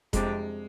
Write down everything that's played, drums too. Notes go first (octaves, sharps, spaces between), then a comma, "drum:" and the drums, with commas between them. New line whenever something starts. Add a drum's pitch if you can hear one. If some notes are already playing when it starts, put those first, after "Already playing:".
F2 C3 G3 G#3 D4, drum: kick F1, hi-hat